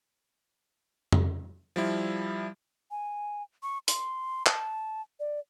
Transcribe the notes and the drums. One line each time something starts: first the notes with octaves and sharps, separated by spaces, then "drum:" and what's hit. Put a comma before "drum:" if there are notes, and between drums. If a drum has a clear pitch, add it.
drum: tom F2
F3 G3 E4
G#5
C#6
C6, drum: hi-hat
A5, drum: clap
D5